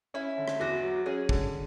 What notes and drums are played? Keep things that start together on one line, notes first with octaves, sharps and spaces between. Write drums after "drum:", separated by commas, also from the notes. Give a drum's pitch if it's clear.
C#4 E4
D3
drum: rim click
E2 F#4
F#3
C#4 G#4
D3, drum: kick